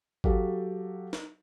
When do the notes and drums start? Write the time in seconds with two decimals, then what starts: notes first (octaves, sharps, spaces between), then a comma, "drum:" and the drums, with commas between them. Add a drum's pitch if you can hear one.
0.24 F#3 F#4 G4 A4 F5, drum: kick G#1
1.13 drum: snare